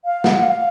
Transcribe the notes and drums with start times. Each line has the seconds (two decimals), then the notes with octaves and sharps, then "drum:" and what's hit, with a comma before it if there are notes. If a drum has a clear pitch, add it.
0.05 F5
0.24 F#5, drum: snare
0.43 F5